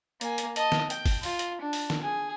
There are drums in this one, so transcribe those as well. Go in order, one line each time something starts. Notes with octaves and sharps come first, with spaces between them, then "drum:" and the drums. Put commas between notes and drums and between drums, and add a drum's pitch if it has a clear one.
A#3 G#5, drum: hi-hat
drum: hi-hat
D#5 A5, drum: hi-hat
drum: snare
G5, drum: hi-hat
drum: kick, open hi-hat
F4, drum: open hi-hat
drum: hi-hat
D4
drum: open hi-hat
drum: snare
G#4